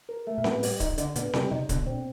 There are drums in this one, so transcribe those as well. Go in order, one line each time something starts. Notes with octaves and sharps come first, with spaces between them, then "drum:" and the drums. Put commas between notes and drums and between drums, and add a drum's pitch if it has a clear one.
A#4
A3
A#2
A2 B3, drum: snare C4
G3, drum: open hi-hat
D#4, drum: kick D1, hi-hat
D3, drum: hi-hat
A#2 B3, drum: hi-hat
C3 G3, drum: snare C4
C3 D#4
B2 D3, drum: kick D1, hi-hat
A#2 C4
B2